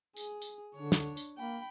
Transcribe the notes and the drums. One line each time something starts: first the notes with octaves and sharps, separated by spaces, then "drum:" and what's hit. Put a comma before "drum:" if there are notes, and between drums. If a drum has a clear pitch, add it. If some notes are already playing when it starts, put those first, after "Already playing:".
G#4, drum: tambourine
drum: tambourine
D3 D4 C#5
drum: snare
drum: tambourine
A#3 G5 B5